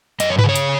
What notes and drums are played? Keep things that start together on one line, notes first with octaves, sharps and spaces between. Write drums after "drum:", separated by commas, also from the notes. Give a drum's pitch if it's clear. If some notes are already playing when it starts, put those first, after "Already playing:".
F#2 D#5, drum: hi-hat
C#5
B4, drum: tom G2
C#3 C#5
drum: hi-hat